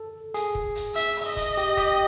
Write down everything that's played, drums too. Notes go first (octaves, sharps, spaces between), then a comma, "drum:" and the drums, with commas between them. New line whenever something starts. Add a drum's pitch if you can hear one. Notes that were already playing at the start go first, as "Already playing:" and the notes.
Already playing: A4
G#4, drum: hi-hat
drum: kick
drum: hi-hat
E5, drum: hi-hat
drum: open hi-hat
D#5
drum: kick, hi-hat
G4, drum: hi-hat
G4, drum: kick, hi-hat